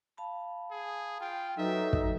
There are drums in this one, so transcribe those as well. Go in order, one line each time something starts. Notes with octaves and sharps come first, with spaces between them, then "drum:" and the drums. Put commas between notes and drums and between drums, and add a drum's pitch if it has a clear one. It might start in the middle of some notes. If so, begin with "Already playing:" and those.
F5 A5 B5
G#4
F4 G5
F#3 D#4 A4 B4 E5
drum: kick